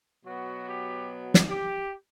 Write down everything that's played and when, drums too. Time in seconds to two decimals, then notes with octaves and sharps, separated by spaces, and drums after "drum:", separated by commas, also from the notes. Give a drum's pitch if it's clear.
0.24 B2 F#3 B3 F#4
0.66 G4
1.34 drum: snare
1.48 G4